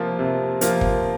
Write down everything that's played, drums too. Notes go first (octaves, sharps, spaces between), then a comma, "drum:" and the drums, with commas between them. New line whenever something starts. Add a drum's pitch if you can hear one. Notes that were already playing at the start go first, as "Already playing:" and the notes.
Already playing: C3 F3 A#3 F4
C3
F3 A#3 F4, drum: hi-hat
drum: kick